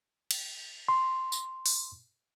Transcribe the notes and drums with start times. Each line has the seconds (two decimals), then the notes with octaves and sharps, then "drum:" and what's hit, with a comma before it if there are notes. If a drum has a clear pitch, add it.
0.31 drum: cymbal
0.88 C6
1.32 drum: tambourine
1.66 drum: open hi-hat